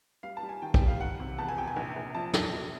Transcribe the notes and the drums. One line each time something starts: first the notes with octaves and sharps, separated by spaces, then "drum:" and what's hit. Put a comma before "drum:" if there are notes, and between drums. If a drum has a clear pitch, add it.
G3 F5
A5
G3
G#5
D#3 G5
G5, drum: kick
G3
F5
D#3 F#5
C3
E2 A5
G#5
C3 G5
G#5
A#1
A#1
F3 A5
A#1, drum: snare
B2